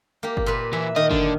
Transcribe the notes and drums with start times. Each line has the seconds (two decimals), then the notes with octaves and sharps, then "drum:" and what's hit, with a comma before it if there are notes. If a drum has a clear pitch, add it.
0.23 A#3 G4
0.37 drum: kick F#1
0.46 A#2 B4
0.73 E3 E5
0.96 D#3 D#5
1.11 D3, drum: kick F#1